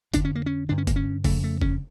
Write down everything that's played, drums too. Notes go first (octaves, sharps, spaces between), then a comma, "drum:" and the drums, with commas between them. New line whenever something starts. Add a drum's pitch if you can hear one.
F2 D3 D4, drum: kick F1, hi-hat
C#4
A#3
C#4
G2 D3 D4
C#4
A#3, drum: kick F1, hi-hat
C#4
F2 C#3 A3, drum: kick F1, open hi-hat
A3
C#4, drum: kick F1